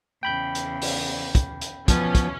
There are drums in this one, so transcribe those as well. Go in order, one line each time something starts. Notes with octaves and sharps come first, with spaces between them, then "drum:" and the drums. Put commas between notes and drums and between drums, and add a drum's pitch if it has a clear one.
E2 C#3 G5 B5 G6
drum: hi-hat
drum: open hi-hat
drum: kick, hi-hat
drum: hi-hat
B2 E3 F3 B3 C#4, drum: kick, hi-hat
drum: kick, hi-hat